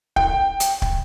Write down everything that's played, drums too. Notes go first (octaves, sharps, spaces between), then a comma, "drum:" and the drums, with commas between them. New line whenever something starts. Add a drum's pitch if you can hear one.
G5, drum: kick
drum: hi-hat
drum: kick